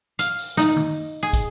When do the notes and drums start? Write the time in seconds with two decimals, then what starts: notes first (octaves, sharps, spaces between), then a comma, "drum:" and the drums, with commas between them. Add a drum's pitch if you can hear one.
0.19 F5, drum: hi-hat
0.38 drum: open hi-hat
0.57 D#4, drum: snare
0.76 drum: tom D#3
1.23 G#4
1.33 drum: kick, hi-hat